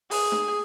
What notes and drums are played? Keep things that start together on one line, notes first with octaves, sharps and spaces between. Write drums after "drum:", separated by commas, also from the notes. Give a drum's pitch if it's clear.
G#4, drum: open hi-hat
drum: snare